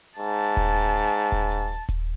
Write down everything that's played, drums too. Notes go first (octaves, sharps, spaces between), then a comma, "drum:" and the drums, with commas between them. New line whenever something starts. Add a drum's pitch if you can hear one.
G#2 A5
drum: kick D#1
drum: kick D#1
drum: hi-hat
drum: kick D#1, hi-hat